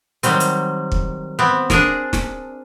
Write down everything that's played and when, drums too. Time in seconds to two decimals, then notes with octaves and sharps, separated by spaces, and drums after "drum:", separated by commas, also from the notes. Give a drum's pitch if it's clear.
0.23 D#3 F#3 G3 C4, drum: hi-hat
0.40 drum: hi-hat
0.92 drum: kick
1.39 B3 C4
1.70 D4 G#4 A#4, drum: snare
2.13 drum: snare